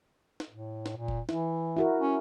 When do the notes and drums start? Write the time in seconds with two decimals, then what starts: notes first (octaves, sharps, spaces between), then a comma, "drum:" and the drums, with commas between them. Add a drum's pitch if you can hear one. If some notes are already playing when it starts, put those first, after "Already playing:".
0.40 drum: snare
0.50 A2
0.86 drum: snare
0.96 A#2
1.08 drum: kick
1.29 E3 E4, drum: snare
1.77 E4 F#4 A#4
2.00 C#4